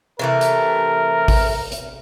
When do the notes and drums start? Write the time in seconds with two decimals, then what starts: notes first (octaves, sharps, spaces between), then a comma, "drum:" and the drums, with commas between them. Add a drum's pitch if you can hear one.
0.19 C3 E3 A3 A#4
0.41 drum: hi-hat
1.28 drum: kick A1, open hi-hat
1.72 drum: hi-hat